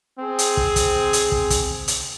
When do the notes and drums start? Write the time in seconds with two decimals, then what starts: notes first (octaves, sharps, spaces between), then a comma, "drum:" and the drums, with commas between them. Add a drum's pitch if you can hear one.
0.20 C4 G#4
0.39 drum: hi-hat
0.57 drum: kick
0.76 drum: kick, hi-hat
1.13 drum: hi-hat
1.32 drum: kick
1.50 drum: kick, hi-hat
1.88 drum: hi-hat